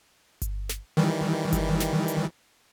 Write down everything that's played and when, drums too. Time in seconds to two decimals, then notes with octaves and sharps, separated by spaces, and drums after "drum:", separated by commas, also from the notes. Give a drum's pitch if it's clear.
0.42 drum: kick G1, hi-hat
0.69 drum: snare
0.97 D#3 E3 G3
1.52 drum: kick G1, hi-hat
1.80 drum: snare
2.08 drum: hi-hat